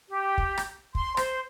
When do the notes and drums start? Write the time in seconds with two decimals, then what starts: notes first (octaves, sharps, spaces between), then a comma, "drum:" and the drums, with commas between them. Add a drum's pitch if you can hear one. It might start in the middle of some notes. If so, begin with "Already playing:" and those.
0.09 G4
0.38 drum: kick
0.58 drum: rim click
0.95 C6, drum: kick
1.17 C5, drum: rim click